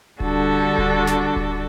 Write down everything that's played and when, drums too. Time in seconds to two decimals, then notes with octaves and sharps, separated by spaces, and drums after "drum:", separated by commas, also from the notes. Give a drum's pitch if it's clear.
0.20 D3 G3 D4 F#4 A4, drum: kick D1
0.78 drum: kick D1
1.07 drum: snare
1.36 drum: kick D1